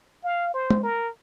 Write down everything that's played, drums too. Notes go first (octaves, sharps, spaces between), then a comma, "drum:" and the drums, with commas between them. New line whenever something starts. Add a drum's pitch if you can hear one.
F5
C5
drum: tom
A#4